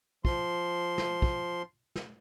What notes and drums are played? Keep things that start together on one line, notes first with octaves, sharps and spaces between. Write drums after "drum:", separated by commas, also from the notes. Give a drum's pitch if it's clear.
F3 C6, drum: kick
drum: snare
drum: kick
drum: snare